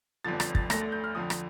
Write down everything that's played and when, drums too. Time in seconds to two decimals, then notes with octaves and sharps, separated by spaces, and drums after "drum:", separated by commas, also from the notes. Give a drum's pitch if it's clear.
0.25 G1 F2 D3 F3 A6
0.40 A6, drum: rim click
0.55 A6, drum: kick
0.70 D2 D3 A3 A#6, drum: rim click
0.81 A6
0.92 G6
1.04 F6
1.15 F2 D3 F3 D#6
1.30 drum: rim click